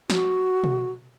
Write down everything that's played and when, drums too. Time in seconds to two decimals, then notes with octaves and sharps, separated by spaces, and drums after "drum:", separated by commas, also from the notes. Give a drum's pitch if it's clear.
0.10 F#4, drum: snare
0.64 drum: tom B2